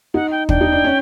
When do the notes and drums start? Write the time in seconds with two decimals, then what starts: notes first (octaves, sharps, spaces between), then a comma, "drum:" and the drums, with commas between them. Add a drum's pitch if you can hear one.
0.14 D#4 F#5
0.31 G5
0.49 D4 G5, drum: kick
0.61 D#4
0.72 D4
0.84 C#4